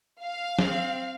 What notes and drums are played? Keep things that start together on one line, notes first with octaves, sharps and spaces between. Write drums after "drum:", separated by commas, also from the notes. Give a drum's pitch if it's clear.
F5
C4, drum: snare